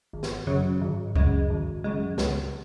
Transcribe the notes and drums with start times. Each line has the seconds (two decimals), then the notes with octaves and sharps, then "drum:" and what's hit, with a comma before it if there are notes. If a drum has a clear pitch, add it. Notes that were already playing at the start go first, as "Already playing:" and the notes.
0.13 G#1
0.23 drum: snare
0.47 F#2 C#3 F#3
0.82 G#1
1.15 F#2 C#3 G#3, drum: kick C#2
1.50 G#1
1.84 F#2 C#3 G#3
2.18 C#2, drum: snare